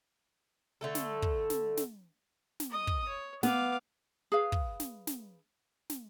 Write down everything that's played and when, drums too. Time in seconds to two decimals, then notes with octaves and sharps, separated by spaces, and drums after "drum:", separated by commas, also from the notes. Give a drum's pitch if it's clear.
0.81 D3 A3 A4
0.95 drum: snare
1.22 drum: kick
1.50 drum: snare
1.77 drum: snare
2.60 drum: snare
2.70 D#5 D#6
2.87 drum: kick
3.08 C#5
3.43 B3 F5 D6, drum: snare
4.32 G#4 B4 F5
4.52 drum: kick
4.80 drum: snare
5.07 drum: snare
5.90 drum: snare